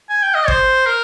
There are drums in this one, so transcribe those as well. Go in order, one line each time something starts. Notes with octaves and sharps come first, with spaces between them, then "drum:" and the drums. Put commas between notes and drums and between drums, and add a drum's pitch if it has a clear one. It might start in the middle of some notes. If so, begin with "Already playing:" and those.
G#5
G5
D#5
C5, drum: kick G#1
A#4